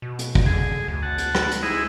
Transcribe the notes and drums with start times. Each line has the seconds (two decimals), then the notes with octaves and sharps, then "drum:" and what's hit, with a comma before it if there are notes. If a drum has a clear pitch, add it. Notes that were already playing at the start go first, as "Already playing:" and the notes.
0.02 B2
0.19 drum: hi-hat
0.35 drum: kick
0.46 D3 G#4
0.88 D2
1.03 F#5 A5
1.18 drum: hi-hat
1.35 drum: rim click
1.51 drum: hi-hat
1.63 G#3 D#4 E4